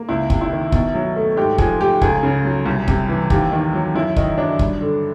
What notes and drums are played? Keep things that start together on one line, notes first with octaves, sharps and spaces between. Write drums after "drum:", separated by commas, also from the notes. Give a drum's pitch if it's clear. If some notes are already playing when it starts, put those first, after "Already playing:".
Already playing: A#3
C#2 E4
C3, drum: kick
E4
D#3
B2, drum: kick
F#3
A3
G#2 G4
F3 G#4, drum: kick
A3 G4
C#2 G#4, drum: kick
C#3
F#3
C2
C3, drum: kick
E3
D#2 G4, drum: kick
D#3
F#3
F#2 E4
D#3 D#4, drum: kick
F#3 D4
G2, drum: kick
D3